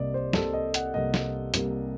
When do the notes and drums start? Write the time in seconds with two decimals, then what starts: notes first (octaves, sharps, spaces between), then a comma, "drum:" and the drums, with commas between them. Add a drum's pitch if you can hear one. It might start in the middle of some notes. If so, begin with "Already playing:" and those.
Already playing: C2 C3 G3 A#3 D5 D#5
0.14 C5
0.33 C2 C3 G3 A#3 A4, drum: snare
0.53 D#5
0.74 F#5, drum: hi-hat
0.94 C2 C3 G3 A#3 D#5
1.14 drum: snare
1.54 C2 C3 G3 A#3, drum: hi-hat